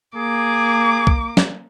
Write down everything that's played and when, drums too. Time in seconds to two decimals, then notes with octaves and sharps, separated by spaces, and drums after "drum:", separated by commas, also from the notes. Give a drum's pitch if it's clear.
0.17 A#3 G#4 D6
1.07 drum: kick C2
1.37 drum: snare